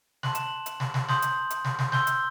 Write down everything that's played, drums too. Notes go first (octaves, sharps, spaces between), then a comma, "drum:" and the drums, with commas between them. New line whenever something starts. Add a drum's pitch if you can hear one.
A5 C6 F#6 F#7, drum: snare
E7, drum: hi-hat
F#7
drum: hi-hat
drum: snare
drum: snare
C6 D#6 G6 F#7, drum: snare
drum: hi-hat
drum: hi-hat
drum: snare
drum: snare
C6 E6 G6 G7, drum: snare
drum: hi-hat